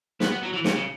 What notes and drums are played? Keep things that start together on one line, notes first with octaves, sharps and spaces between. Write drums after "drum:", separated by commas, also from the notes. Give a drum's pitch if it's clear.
B3, drum: snare
B3
F#3
E3
C#3, drum: snare
C#3